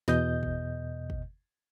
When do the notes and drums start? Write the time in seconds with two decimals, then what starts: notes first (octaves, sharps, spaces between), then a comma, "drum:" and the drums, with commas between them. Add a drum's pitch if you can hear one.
0.08 E2 B2 D#5 G6, drum: snare
0.43 drum: kick
1.10 drum: kick